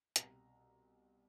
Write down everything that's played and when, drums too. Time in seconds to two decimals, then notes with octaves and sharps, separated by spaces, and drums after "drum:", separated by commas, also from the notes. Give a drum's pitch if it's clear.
0.16 C2 B2 G3 A#5, drum: hi-hat